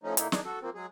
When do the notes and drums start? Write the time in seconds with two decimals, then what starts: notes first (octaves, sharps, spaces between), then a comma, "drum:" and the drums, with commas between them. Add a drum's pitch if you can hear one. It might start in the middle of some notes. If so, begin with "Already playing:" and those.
0.04 A2 F3 A3 C#4 D#4
0.17 D3 A#3 D#4 E4, drum: hi-hat
0.32 D4 D#4 G#4, drum: snare
0.45 F#4 A4
0.61 F3 A#3 C4
0.75 F#3 G#3 G#4